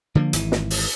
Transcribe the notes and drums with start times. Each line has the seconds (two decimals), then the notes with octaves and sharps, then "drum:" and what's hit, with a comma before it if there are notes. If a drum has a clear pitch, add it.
0.15 D3 F3 A3 A#3
0.33 G#1 E3, drum: hi-hat
0.52 drum: snare
0.70 drum: open hi-hat